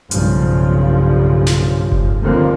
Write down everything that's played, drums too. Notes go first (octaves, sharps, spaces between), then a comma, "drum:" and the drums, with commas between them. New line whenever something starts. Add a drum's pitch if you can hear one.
B1 G2 C#3 F3, drum: hi-hat
drum: snare
drum: kick F#1
D#2 D3 F3 A#3 C4